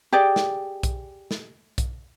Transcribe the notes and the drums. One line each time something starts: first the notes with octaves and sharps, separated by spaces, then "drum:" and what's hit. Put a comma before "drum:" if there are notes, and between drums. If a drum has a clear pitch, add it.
G4 G#4 D5
drum: snare
drum: kick B1, hi-hat
drum: snare
drum: kick B1, hi-hat